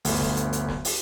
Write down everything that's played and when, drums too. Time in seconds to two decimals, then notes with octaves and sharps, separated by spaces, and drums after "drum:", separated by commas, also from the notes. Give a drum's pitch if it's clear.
0.05 G1 D2, drum: open hi-hat
0.21 drum: snare
0.37 drum: hi-hat
0.53 drum: hi-hat
0.69 drum: snare
0.85 drum: open hi-hat